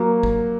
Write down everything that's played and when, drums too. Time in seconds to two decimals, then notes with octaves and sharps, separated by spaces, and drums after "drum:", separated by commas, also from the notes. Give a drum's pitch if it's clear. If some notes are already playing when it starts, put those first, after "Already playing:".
Already playing: F#3 A#3
0.23 drum: kick